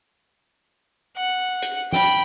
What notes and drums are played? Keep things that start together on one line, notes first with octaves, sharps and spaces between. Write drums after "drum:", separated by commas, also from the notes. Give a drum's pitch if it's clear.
F#5
drum: hi-hat
G5 B5, drum: snare